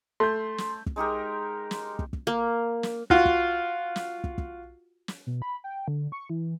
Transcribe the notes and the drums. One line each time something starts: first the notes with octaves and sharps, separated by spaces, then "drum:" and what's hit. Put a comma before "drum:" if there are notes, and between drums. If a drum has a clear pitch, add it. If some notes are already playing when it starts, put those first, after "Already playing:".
A3 C6 G6
drum: snare
drum: kick
G#3 D#4 G4 A#4
drum: snare
drum: kick
drum: kick
A#3
drum: snare
F4 F#4, drum: kick
drum: kick
drum: snare
drum: kick
drum: kick
drum: snare
B2
B5
G5
D3
C#6
E3